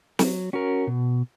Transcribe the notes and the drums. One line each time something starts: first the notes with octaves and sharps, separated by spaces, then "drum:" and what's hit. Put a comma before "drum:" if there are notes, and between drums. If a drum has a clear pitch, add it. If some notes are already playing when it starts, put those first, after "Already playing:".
F#3, drum: snare
C#4 F#4 A#4
B2